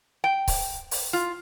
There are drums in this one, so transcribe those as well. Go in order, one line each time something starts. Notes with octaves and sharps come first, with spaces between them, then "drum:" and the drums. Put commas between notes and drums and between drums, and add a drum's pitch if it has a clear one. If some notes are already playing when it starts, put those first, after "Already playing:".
G5
drum: kick C#1, open hi-hat
drum: open hi-hat
F4